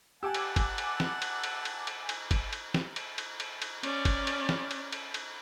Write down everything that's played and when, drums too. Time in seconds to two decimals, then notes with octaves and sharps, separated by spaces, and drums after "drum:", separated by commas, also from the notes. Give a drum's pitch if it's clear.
0.23 G4 F#5 G#5 A5 D6 E6
0.34 drum: cymbal
0.56 drum: kick, cymbal
0.78 drum: cymbal
1.00 drum: snare
1.22 drum: cymbal
1.44 drum: cymbal
1.65 drum: cymbal
1.87 drum: cymbal
2.09 drum: cymbal
2.31 drum: kick, cymbal
2.53 drum: cymbal
2.74 drum: snare
2.96 drum: cymbal
3.18 drum: cymbal
3.40 drum: cymbal
3.62 drum: cymbal
3.83 C#4 D5, drum: cymbal
4.05 drum: kick, cymbal
4.27 drum: cymbal
4.49 drum: snare
4.71 drum: cymbal
4.92 drum: cymbal
5.14 drum: cymbal